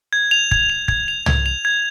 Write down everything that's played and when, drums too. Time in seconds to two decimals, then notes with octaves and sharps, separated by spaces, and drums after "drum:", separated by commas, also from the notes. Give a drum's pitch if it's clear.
0.13 G#6
0.31 F7
0.51 G#6, drum: kick
0.70 F7
0.88 G#6, drum: kick
1.08 F7
1.26 G#6, drum: tom
1.46 F7
1.65 G#6